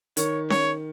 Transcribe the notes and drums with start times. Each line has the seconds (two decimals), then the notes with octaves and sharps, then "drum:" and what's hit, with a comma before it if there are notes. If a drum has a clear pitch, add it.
0.17 D#3 C#5, drum: hi-hat
0.50 C#5, drum: snare C#4